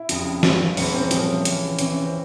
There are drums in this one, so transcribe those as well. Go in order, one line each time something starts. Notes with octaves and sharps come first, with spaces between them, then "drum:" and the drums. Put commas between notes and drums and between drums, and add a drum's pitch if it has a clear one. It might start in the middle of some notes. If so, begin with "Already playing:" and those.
Already playing: E4
F1 F2 C#3 F3, drum: hi-hat
G#1 G2 F3, drum: snare
E1 E2 E3 C#4, drum: open hi-hat
C4
C2 A#2 F3 C#4, drum: hi-hat
C#2 C#3 E3, drum: hi-hat
C#2 C3 E3 C#4, drum: hi-hat
C#4
C4